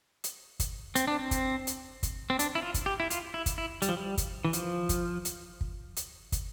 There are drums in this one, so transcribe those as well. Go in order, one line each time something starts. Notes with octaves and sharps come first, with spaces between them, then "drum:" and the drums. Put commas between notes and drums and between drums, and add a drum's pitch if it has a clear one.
drum: hi-hat
drum: kick, hi-hat
C4, drum: hi-hat
D4
C4
drum: kick, hi-hat
drum: hi-hat
drum: kick, hi-hat
C4
D4, drum: hi-hat
E4
F4
drum: kick, hi-hat
G4
E4
F4, drum: hi-hat
E4
drum: kick, hi-hat
E4
G3, drum: hi-hat
F3
G3
drum: kick, hi-hat
E3
F3, drum: hi-hat
drum: kick, hi-hat
drum: hi-hat
drum: kick
drum: hi-hat
drum: kick, hi-hat